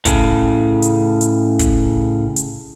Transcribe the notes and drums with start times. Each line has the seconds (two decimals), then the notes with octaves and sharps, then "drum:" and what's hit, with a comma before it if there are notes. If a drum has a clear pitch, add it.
0.05 A2 C#3, drum: kick, hi-hat
0.82 drum: hi-hat
1.21 drum: hi-hat
1.59 drum: kick, hi-hat
2.36 drum: hi-hat